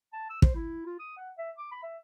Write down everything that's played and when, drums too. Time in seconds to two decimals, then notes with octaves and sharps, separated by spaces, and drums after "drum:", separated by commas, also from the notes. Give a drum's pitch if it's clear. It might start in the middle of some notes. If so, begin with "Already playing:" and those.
0.13 A5
0.30 E6
0.42 C5, drum: kick
0.55 E4
0.86 F4
0.99 D#6
1.17 F#5
1.38 E5
1.58 D6
1.71 B5
1.83 E5